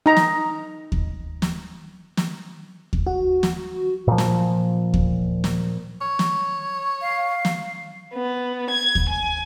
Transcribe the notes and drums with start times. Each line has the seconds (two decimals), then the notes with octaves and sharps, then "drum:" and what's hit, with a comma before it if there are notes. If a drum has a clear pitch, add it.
0.06 D#4 A#5
0.17 drum: snare
0.92 drum: kick D#2
1.42 drum: snare
2.17 drum: snare
2.93 drum: kick D#2
3.07 F#4
3.43 drum: snare
4.08 A#2 F3
4.18 drum: snare
4.94 drum: kick D#2
5.44 drum: snare
6.01 C#5
6.19 drum: snare
7.02 F5
7.45 drum: snare
8.14 B3
8.70 G#6
8.95 drum: kick D#2
9.09 G#5